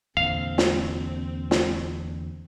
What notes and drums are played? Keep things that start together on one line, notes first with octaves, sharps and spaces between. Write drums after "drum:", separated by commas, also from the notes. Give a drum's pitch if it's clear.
E2 A#2 D3 C4 F5
drum: snare
drum: snare